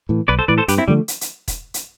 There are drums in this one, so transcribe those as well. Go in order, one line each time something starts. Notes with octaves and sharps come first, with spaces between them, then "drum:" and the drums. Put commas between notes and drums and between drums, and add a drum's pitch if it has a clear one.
A2 E3
B1 B4 D5
A4 C5
A2 E3 B4 D5
A4 C5
G2 G4 B4, drum: hi-hat
C4 E4
D3 F3 G3 A3
drum: hi-hat
drum: hi-hat
drum: kick E1, hi-hat
drum: hi-hat